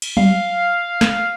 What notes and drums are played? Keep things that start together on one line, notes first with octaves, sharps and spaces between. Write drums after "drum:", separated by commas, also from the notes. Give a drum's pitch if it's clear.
drum: cymbal
F5, drum: tom F#3
drum: snare